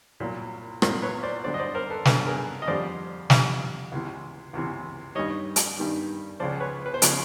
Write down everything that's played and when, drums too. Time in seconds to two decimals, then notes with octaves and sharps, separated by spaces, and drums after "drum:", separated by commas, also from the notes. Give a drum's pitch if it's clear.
0.20 C2 A#2 F#3
0.82 C2 A#2 F#3 A#4 C5, drum: rim click
1.02 B4 C#5
1.23 C5 D5
1.44 G2 D3 F#3 C5 D5
1.54 D#5
1.59 C5 D5
1.75 A#4 C5
1.90 A4 B4
2.05 G2 D3 F#3 A4 B4, drum: snare
2.26 G#4 A#4
2.62 D#5
2.67 F2 D3 G3 C5 D5
3.30 F2 D3 G3, drum: snare
3.92 C#2 C3 E3
4.53 C#2 C3 E3
5.15 G2 D#3 G3 C#5 D#5
5.56 drum: hi-hat
5.77 G2 D#3 G3
6.40 C#2 C#3 F3 C5 D5
6.60 B4 C#5
6.86 B4
6.94 C5
7.02 C#3 F3 B4 C#5, drum: hi-hat